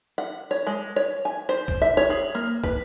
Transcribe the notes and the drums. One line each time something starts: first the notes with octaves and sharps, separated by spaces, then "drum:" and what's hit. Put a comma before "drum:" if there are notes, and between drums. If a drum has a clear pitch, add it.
F#5
C#5
G#3
C#5
G#5
C5
drum: kick
E5
C#5
G#4
A#3
B4, drum: kick